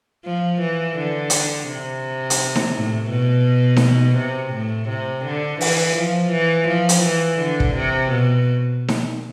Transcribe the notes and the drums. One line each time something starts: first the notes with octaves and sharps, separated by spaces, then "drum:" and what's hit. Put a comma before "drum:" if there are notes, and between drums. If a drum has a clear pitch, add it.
F3
E3
D3
drum: hi-hat
C3
drum: hi-hat
drum: snare D#4
A2
B2
drum: snare D#4
C3
A2
C3
D3
E3, drum: open hi-hat
F3
E3
F3
drum: hi-hat
E3
D3
drum: kick
C3
B2
drum: snare D#4